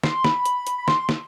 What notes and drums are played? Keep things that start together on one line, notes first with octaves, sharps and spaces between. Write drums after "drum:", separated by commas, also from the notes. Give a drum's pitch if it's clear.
C6, drum: snare
B5, drum: snare
drum: hi-hat
drum: hi-hat
B5
C6, drum: snare
drum: snare